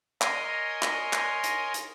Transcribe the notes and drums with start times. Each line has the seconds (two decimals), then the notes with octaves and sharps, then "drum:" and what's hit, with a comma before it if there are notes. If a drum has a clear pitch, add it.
0.22 A#4 C#5 D#5 G#5 C6, drum: clap
0.83 drum: clap
1.13 drum: clap
1.44 drum: hi-hat
1.74 drum: hi-hat